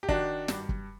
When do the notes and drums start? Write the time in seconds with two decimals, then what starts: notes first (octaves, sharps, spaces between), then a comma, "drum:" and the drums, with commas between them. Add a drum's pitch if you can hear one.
0.03 G4
0.08 D#3 D4 F#4, drum: kick
0.48 G2, drum: snare
0.69 drum: kick